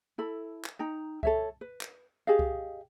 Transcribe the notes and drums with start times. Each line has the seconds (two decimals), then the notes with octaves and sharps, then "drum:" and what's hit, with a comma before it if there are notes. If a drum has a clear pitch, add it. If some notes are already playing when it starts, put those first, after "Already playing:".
0.18 E4 A4 B5
0.65 drum: clap
0.79 D#4 G5 A#5
1.23 A4 C#5 E5, drum: kick C2
1.61 B4
1.81 drum: clap
2.27 G4 G#4 D#5 F5
2.39 drum: kick C2